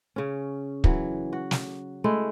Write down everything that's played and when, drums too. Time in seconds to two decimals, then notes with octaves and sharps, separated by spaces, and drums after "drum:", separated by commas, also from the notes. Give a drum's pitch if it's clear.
0.16 C#3 C#4
0.84 E3 F#3, drum: kick
1.33 F#4
1.51 drum: snare
2.04 G#3 A3 E4